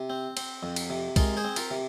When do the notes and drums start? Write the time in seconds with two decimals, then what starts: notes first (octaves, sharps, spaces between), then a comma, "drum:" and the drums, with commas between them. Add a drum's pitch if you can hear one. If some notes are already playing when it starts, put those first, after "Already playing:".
Already playing: C3
0.10 C4
0.37 C4, drum: cymbal
0.63 F2
0.76 drum: cymbal
0.90 C3
1.16 G#3 F4 A#4, drum: kick, cymbal
1.37 G#4 C5
1.44 C4
1.56 F4 A#4, drum: cymbal
1.71 C3